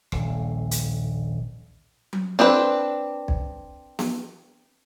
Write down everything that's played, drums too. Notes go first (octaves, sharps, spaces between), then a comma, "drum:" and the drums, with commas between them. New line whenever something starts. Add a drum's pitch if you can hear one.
D#1 A#1 A2, drum: rim click
drum: hi-hat
drum: tom F#3
C4 D4 A4 B4
drum: kick B1
drum: snare B3